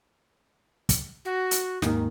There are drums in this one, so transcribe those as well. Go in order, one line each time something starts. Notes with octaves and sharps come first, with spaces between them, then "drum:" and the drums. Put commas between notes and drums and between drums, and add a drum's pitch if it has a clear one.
drum: kick, hi-hat
F#4
drum: hi-hat
D#2 G#2 D#3, drum: snare